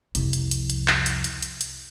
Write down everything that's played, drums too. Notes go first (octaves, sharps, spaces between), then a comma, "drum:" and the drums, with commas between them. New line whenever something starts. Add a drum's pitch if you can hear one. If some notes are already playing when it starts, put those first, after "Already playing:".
C2 F2, drum: hi-hat
drum: hi-hat
drum: hi-hat
drum: hi-hat
drum: clap
drum: hi-hat
drum: hi-hat
drum: hi-hat
drum: hi-hat